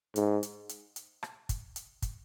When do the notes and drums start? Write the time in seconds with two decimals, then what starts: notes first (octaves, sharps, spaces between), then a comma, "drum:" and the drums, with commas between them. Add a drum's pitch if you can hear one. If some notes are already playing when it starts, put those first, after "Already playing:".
0.16 G#2, drum: hi-hat
0.43 drum: hi-hat
0.69 drum: hi-hat
0.96 drum: hi-hat
1.23 drum: rim click
1.49 drum: kick, hi-hat
1.76 drum: hi-hat
2.02 drum: kick, hi-hat